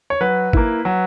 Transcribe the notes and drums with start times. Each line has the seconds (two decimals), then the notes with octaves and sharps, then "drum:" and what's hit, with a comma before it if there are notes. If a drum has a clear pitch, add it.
0.10 C#5
0.21 F#3 B4
0.53 A#3 E4, drum: kick G#1
0.85 F#3